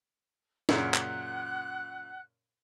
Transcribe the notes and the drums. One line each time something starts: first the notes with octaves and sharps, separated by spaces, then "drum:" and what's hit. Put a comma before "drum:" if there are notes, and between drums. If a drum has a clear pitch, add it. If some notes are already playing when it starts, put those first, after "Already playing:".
F#2 A#2 C#3 F#5 F#6, drum: snare
drum: clap